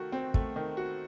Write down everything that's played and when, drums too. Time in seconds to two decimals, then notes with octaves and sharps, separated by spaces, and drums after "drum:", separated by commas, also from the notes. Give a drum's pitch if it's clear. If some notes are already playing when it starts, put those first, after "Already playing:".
Already playing: D#3 A3 F#4
0.12 C4
0.34 A3, drum: kick
0.56 D#3
0.77 F#4